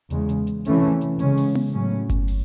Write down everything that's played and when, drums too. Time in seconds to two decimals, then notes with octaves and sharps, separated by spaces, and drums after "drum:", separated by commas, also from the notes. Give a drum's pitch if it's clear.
0.10 E2 C#3 G#3, drum: hi-hat
0.29 drum: hi-hat
0.47 drum: hi-hat
0.65 C3 E3 A3 C#4, drum: hi-hat
1.01 drum: hi-hat
1.19 C#3 G#3 C#4, drum: hi-hat
1.37 drum: open hi-hat
1.55 drum: tom B3
1.73 A2 F#3 C#4
2.10 drum: kick G1, hi-hat
2.28 drum: open hi-hat